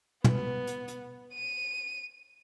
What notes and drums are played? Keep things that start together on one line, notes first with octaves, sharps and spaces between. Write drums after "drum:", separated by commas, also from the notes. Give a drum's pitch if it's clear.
B3, drum: tom
drum: hi-hat
drum: hi-hat
D#7